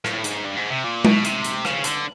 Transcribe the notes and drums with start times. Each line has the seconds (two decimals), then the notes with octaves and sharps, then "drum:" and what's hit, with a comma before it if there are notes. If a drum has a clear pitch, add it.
0.05 A2, drum: rim click
0.24 G#2, drum: hi-hat
0.45 G2
0.57 G#2
0.71 C3
0.84 A#2
1.05 B2, drum: tom G#3
1.25 C3, drum: hi-hat
1.44 drum: hi-hat
1.65 C#3, drum: rim click
1.84 D3, drum: hi-hat